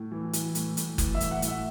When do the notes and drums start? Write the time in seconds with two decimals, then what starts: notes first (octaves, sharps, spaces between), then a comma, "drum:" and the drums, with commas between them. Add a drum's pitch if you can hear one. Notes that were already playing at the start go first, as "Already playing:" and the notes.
Already playing: A2
0.12 E3
0.33 E3, drum: hi-hat
0.55 A2, drum: hi-hat
0.77 A2, drum: hi-hat
0.98 E3, drum: kick F#1, hi-hat
1.15 E5
1.21 A2, drum: hi-hat
1.31 F#5
1.42 A2, drum: hi-hat
1.48 E5